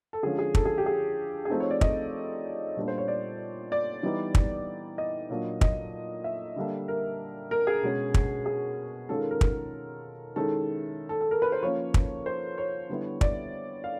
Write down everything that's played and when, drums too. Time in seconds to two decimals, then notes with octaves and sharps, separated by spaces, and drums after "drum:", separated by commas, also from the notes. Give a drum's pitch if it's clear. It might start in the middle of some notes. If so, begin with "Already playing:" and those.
0.13 A4
0.23 D3 F3 G#3 C#4 G#4
0.39 G#4
0.55 A4, drum: kick
0.65 G#4
0.78 G4
0.86 G#4
1.45 G#4
1.50 F3 A3 C4 D#4 A4
1.60 C#5
1.71 D5
1.81 D#5, drum: kick
2.77 A#2 G3 B3 D4 F4
2.88 C5
2.98 C#5
3.08 D5
3.72 D5
4.03 E3 G3 B3 D#4
4.35 drum: kick
4.98 D#5
5.30 A#2 F#3 A#3 D4 F4
5.61 D#5, drum: kick
6.24 E5
6.56 D3 G3 A#3 D4
6.88 A#4
7.51 A#4
7.67 G#4
7.83 B2 G#3 C#4
8.14 drum: kick
8.46 G#4
9.09 D#3 G#3 C#4 F4 A4
9.20 A#4
9.31 A#4
9.41 drum: kick
10.36 D#3 G#3 C#4 E4 A4
11.09 A4
11.21 A4
11.31 A#4
11.42 B4
11.52 C5
11.63 F3 A#3 C#4 C#5
11.94 drum: kick
12.26 C5
12.58 C#5
12.89 D3 G3 B3 E4
13.21 D5, drum: kick
13.84 F5